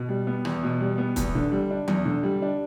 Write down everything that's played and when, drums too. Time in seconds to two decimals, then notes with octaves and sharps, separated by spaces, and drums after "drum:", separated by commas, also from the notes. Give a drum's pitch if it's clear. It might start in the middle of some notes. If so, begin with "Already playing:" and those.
Already playing: B2
0.09 G3
0.27 B3
0.45 E2, drum: rim click
0.63 B2
0.80 G3
0.98 B3
1.16 E2, drum: kick, hi-hat
1.35 D3
1.52 G3
1.71 D4
1.88 E2, drum: tom F#3
2.05 D3
2.23 G3
2.42 D4